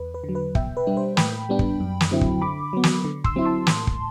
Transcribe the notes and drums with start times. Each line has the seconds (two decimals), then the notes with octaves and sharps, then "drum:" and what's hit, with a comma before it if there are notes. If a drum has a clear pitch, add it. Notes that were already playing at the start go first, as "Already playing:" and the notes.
Already playing: E2 B4
0.14 B4
0.24 D3
0.29 F#3
0.35 B4
0.55 B2 E5 G5, drum: kick
0.77 B4
0.87 G3 D4
0.97 C5
1.17 A2 G5 B5, drum: snare
1.49 G3 B3 D4
1.59 drum: kick
1.80 F#2
2.01 drum: snare
2.11 D3 F#3 C4 E4
2.21 drum: kick
2.41 D3 B5 D6
2.73 F#3 B3
2.83 drum: snare
3.05 D3
3.24 C6 E6, drum: kick
3.36 F#3 C4 E4
3.45 A5 C6
3.67 A2, drum: snare
3.87 drum: kick